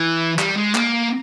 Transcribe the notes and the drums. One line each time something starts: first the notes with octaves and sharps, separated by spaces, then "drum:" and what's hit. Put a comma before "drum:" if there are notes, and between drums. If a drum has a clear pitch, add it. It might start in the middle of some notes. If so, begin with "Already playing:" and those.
Already playing: E3
G3, drum: clap
G#3
A#3, drum: clap